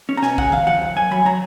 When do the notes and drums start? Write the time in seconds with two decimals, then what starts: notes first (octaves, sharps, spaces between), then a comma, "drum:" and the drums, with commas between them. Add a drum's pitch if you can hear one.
0.09 C#4
0.17 A#5
0.22 B2 G#5, drum: snare
0.38 C#3 F#5, drum: kick
0.52 F2 F5, drum: tom D#3
0.66 F3 F#5
0.81 F2
0.95 F#2 G#5
1.11 F#3 B5
1.25 F#3 A#5